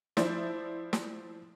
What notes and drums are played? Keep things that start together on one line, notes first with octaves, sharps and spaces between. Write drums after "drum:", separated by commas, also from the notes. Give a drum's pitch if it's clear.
F3 E4 C5 D5, drum: snare
drum: snare